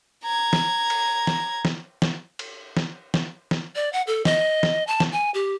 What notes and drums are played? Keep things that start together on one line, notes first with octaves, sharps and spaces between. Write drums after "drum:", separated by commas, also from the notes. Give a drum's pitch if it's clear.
A#5 G#6
drum: snare
drum: cymbal
drum: snare
drum: snare
drum: snare
drum: cymbal
drum: snare
drum: snare
drum: snare
D5
F#5
A4
D#5, drum: snare
drum: snare
A5
drum: snare
G#5
G4